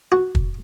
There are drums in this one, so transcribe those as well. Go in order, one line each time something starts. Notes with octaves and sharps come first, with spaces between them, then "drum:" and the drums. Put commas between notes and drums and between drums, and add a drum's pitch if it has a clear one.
F#4
drum: kick